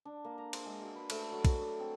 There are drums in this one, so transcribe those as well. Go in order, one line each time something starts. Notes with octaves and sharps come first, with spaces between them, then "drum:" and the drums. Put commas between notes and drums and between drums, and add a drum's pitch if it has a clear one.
D4
A#3
A#5
C6, drum: cymbal
G#3
F#4
B4
A3, drum: cymbal
F#3
F#4, drum: kick, cymbal
D5
C4